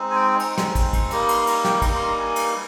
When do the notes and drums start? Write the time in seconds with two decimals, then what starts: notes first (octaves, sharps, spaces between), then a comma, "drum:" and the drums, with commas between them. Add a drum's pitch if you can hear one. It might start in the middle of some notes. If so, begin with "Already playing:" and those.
Already playing: G#3 C4 D#4
0.11 G#5
0.16 G5
0.39 G#3 C4 D#4, drum: cymbal
0.58 drum: snare
0.75 drum: kick, cymbal
0.93 drum: kick, cymbal
1.11 G3 A#3 D#4 A#5, drum: cymbal
1.29 C6, drum: cymbal
1.41 C6
1.47 A#5, drum: cymbal
1.64 G5, drum: snare
1.82 G3 A#3 D#4 A#5, drum: kick, cymbal
1.95 C6
2.07 A#5
2.18 G#5
2.36 drum: cymbal